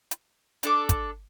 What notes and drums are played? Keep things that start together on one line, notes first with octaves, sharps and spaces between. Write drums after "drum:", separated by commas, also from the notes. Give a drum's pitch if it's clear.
drum: hi-hat
D4 A4 D6, drum: hi-hat
drum: kick, hi-hat